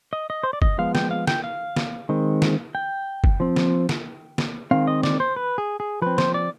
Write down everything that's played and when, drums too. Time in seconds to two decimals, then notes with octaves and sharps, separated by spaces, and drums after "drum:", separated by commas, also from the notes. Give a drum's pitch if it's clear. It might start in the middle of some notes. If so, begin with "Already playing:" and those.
0.13 D#5
0.30 D#5
0.43 C5
0.53 D5
0.62 D#5, drum: kick
0.78 F3 G#3 B3 F5
0.95 G5, drum: snare
1.11 F5
1.27 G5, drum: snare
1.44 F5
1.76 drum: snare
2.09 D#3 G#3 C4
2.42 drum: snare
2.75 G5
3.24 drum: kick
3.40 F3 C4
3.56 drum: snare
3.89 drum: snare
4.38 drum: snare
4.71 D#3 G#3 C4 F5
4.87 D#5
5.03 D5, drum: snare
5.20 C5
5.36 B4
5.58 G#4
5.80 G#4
6.02 F3 C4 B4
6.18 C5, drum: snare
6.34 D5